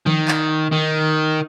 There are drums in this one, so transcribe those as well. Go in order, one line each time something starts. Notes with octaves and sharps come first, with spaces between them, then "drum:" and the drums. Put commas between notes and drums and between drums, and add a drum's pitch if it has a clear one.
D#3, drum: tom E3
drum: clap
D#3